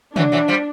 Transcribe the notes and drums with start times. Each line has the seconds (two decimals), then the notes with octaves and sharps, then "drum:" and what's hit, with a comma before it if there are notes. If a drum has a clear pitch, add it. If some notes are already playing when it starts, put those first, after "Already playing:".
0.16 E3 F#3 D4, drum: tom
0.32 E3 F#3
0.48 F3 G3